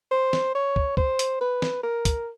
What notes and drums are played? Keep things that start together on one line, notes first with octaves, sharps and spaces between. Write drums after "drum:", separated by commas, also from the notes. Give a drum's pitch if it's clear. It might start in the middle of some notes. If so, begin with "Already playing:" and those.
C5
drum: snare
C#5
drum: kick
C5, drum: kick
drum: hi-hat
B4
drum: snare
A#4
drum: kick, hi-hat